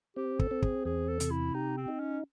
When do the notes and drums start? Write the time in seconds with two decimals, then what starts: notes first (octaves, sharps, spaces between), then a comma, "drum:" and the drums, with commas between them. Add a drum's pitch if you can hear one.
0.16 C4 G4
0.39 A4, drum: kick
0.51 C4
0.62 G#4, drum: kick
0.85 E2 G#4
1.08 A4
1.20 C3, drum: hi-hat
1.31 E4
1.54 D#4 G4
1.77 C4
1.88 D#4
2.00 C#4